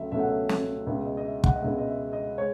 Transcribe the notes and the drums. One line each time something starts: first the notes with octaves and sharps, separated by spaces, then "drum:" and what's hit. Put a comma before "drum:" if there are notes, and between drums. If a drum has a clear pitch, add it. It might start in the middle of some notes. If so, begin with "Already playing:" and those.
Already playing: C#2 F#3 A3 C#4 E5
C#2 B2 F#3 A3 C#4 E5
F#5
E5
drum: snare
C#2 B2 G#3 E5
D#5
D#5
E5
F#5, drum: kick
D#5
C#2 B2 G#3 E5
D#5
E5
D#5
G#3 C#5